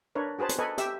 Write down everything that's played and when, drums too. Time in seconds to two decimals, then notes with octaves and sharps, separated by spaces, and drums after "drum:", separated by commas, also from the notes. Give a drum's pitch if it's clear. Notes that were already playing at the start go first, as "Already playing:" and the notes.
0.15 D4 A#4 B4 C#5
0.39 F#4 G#4 B4 C5 A5
0.49 drum: hi-hat
0.59 A4 B4 D#5 G#5 C#6
0.78 G4 E5 E6, drum: hi-hat